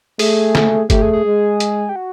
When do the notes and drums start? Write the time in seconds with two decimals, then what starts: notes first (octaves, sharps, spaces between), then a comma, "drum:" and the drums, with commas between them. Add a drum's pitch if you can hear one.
0.19 A3 G#4, drum: open hi-hat
0.55 drum: snare
0.90 A3 G4, drum: kick, hi-hat
1.02 G#4
1.13 G#4
1.26 G#3
1.60 drum: hi-hat
1.89 G4
1.96 F#4